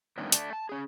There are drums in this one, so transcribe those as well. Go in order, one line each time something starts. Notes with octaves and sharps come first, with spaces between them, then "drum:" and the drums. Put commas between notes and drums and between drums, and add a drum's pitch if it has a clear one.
G2 D#3 A3 B3 C#4
A3 D4, drum: hi-hat
A5
C#4 G#4